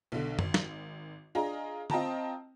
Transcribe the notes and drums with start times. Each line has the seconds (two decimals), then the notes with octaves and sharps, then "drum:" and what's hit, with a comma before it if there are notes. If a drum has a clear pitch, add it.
0.12 B1 D3
0.39 G#1, drum: tom
0.54 drum: snare
1.35 D4 F4 G#4 D#5 A#5
1.90 C4 F4 D#5 G5 A5 A#5, drum: tom